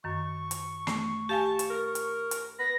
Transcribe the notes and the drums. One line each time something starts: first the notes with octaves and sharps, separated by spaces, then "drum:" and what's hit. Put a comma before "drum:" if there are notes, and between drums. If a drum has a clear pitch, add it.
F#2 D#3 C#6
drum: hi-hat
A3, drum: snare
G4 F5 G#5 A5
drum: hi-hat
A#4
drum: hi-hat
drum: hi-hat
B4 A#6